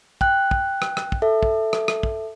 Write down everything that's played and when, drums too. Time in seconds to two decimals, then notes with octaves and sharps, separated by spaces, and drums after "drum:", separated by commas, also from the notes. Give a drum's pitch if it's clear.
0.21 G5 F#6, drum: kick
0.51 drum: kick
0.82 drum: rim click
0.97 drum: rim click
1.12 drum: kick
1.22 A4 E5
1.43 drum: kick
1.73 drum: rim click
1.88 drum: rim click
2.03 drum: kick